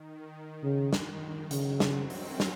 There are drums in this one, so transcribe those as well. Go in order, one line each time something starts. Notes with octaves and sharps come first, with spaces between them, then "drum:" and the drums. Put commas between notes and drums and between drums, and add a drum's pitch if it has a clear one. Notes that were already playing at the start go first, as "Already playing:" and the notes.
Already playing: D#3
C#3
drum: snare
C#3 F#3, drum: hi-hat
C4, drum: snare
C#4, drum: open hi-hat
drum: snare